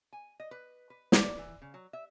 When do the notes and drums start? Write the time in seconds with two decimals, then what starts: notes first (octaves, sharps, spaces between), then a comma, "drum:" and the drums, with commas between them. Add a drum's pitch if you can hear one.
0.13 G#5
0.40 D#5
0.51 B4
0.90 B4
1.12 D5, drum: snare
1.38 E3
1.62 C#3
1.74 F#3
1.93 E5